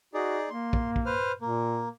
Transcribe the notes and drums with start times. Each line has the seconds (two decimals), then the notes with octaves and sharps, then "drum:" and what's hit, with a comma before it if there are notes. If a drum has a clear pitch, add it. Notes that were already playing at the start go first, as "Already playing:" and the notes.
0.14 D#4 F#4 G#4 D5
0.50 A#3 C6
0.73 drum: kick
0.96 drum: kick
1.06 B4 C5 F6
1.41 A#2 A#3